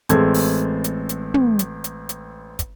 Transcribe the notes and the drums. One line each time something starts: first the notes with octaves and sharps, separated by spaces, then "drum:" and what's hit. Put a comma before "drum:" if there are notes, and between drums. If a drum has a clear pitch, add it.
A1 G#3 C4 A4 G#6, drum: kick, hi-hat
drum: open hi-hat
drum: hi-hat
drum: hi-hat
drum: tom
drum: hi-hat
drum: hi-hat
drum: hi-hat
drum: kick, hi-hat